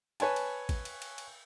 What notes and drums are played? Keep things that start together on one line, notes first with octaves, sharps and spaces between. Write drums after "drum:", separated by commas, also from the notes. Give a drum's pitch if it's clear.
B4 C#5 G#5 A5, drum: cymbal
drum: cymbal
drum: kick, cymbal
drum: cymbal
drum: cymbal
drum: cymbal